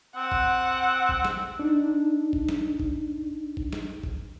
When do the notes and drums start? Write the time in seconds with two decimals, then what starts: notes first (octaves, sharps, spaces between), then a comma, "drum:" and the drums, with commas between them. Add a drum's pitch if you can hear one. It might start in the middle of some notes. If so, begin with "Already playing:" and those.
0.16 C4 F#5
0.32 drum: kick
1.09 drum: kick
1.25 drum: snare
1.59 D4 D#4
2.33 drum: kick
2.49 drum: snare
2.80 drum: kick
3.57 drum: kick
3.73 drum: snare
4.04 drum: kick